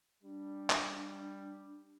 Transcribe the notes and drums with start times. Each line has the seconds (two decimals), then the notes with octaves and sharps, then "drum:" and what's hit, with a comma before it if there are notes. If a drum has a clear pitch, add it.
0.23 G3 D4
0.70 drum: clap